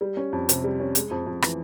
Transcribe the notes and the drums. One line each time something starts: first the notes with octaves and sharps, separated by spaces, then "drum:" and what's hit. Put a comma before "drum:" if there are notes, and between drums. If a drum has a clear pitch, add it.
G3
C#4
F2
C3, drum: hi-hat
G3
C#4
G#3, drum: hi-hat
F2
F2
E3, drum: rim click